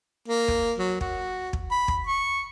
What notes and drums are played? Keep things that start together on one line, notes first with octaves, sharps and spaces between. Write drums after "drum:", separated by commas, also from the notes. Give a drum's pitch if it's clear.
A#3
drum: kick
F#3
F#4, drum: kick
drum: kick
B5
drum: kick
C#6